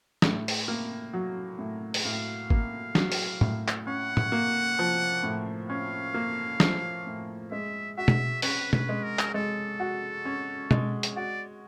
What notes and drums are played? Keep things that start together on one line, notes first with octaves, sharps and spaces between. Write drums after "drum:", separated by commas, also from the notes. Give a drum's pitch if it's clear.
A2, drum: snare
drum: open hi-hat
A#3
F#3
A2
drum: open hi-hat
A2 F5
A#3, drum: kick G#1
F#3, drum: snare
drum: open hi-hat
A2, drum: tom
drum: clap
C#4 F#5
drum: tom
A#3
F3
A2
C#4 F5
A#3
F3, drum: snare
A2
G#3 E5
F#4 E5
drum: tom B2
C#4 B4, drum: open hi-hat
B4, drum: tom B2
G#3
A#4
drum: clap
G#3 A4
F#4
C#4
G#3, drum: tom B2
drum: hi-hat
F#4 D5